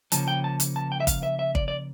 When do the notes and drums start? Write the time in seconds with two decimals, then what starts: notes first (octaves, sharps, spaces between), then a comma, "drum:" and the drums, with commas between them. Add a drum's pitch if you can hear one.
0.12 C#3 F3 A#3 C#4 A5, drum: hi-hat
0.28 G5
0.44 A5
0.60 drum: hi-hat
0.76 A5
0.92 G5
1.00 E5
1.07 F5, drum: kick G1, hi-hat
1.23 E5
1.39 E5
1.55 D5, drum: kick G1
1.68 D5